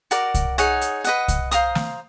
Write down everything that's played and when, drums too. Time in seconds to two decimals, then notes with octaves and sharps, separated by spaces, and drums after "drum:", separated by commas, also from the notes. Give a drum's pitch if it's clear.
0.11 F#4 A#4 D5, drum: hi-hat
0.34 drum: kick C2, hi-hat
0.58 D#4 G#4 C#5 F#5, drum: hi-hat
0.81 drum: hi-hat
1.04 B4 D#5 F#5, drum: hi-hat
1.28 drum: kick C2, hi-hat
1.51 C5 F5 A#5 D#6, drum: hi-hat
1.75 drum: snare